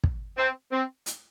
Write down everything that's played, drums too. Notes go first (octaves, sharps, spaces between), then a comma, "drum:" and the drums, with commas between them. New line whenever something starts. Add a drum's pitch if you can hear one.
drum: kick
C4
C4
drum: hi-hat